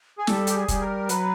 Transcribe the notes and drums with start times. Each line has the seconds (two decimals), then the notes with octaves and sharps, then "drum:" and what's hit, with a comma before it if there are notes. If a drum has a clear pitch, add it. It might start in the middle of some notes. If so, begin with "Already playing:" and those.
0.18 G#4
0.27 G3 A4, drum: snare
0.47 G4, drum: hi-hat
0.55 G#4
0.68 G3, drum: kick, hi-hat
0.81 A#4
1.09 F#3 B4, drum: hi-hat